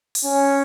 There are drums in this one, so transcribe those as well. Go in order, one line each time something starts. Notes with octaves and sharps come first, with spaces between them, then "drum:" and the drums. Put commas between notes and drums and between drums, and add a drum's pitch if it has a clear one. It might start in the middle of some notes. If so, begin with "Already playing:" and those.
drum: open hi-hat
C#4